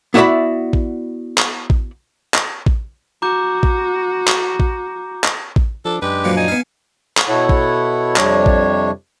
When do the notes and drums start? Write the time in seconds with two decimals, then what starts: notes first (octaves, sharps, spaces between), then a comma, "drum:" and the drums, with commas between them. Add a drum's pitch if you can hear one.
0.14 B3 E4 F#4 D5 E5 B5
0.73 drum: kick A1
1.38 drum: clap
1.70 drum: kick A1
2.34 drum: clap
2.66 drum: kick A1
3.22 F#4 A#5 D6 G6
3.63 drum: kick A1
4.27 drum: clap
4.60 drum: kick A1
5.24 drum: clap
5.56 drum: kick A1
5.85 F3 D4 A4
6.02 F#2 G#3 D4 G4 B4
6.24 A#2 F3 F#3
6.37 D#4 G#5
6.48 B3 F5
7.17 drum: clap
7.29 B2 E4 A4 C#5 F#5
7.49 drum: kick A1
8.16 F2 C3 G3 D4 C#5, drum: clap
8.46 drum: kick A1